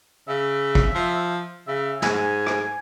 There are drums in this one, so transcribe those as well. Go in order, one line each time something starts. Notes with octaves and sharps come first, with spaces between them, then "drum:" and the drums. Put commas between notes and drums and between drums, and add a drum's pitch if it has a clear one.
C#3 E5
drum: kick
F3
C#3 E5
G#2 G#5, drum: snare
drum: rim click